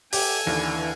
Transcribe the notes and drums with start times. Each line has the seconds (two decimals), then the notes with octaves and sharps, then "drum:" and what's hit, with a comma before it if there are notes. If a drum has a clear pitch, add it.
0.13 G4 A4 G#5, drum: open hi-hat
0.47 D#2 D3 E3